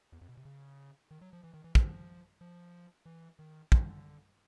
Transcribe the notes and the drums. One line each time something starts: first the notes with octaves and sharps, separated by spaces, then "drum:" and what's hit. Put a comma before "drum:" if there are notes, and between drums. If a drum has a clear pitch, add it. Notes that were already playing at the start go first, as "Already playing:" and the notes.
E2
F2
B2
C3
C#3
D#3
F#3
F3
E3
D#3
E3
F3, drum: kick
F3
E3
D#3
D3, drum: kick